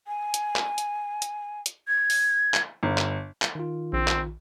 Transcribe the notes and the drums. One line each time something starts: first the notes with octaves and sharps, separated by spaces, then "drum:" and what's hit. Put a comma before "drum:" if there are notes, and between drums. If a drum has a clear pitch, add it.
G#5
drum: hi-hat
drum: clap
drum: hi-hat
drum: hi-hat
drum: hi-hat
G#6
drum: open hi-hat
drum: clap
G1
drum: clap
drum: clap
D#3 F4
A#1 C4
drum: clap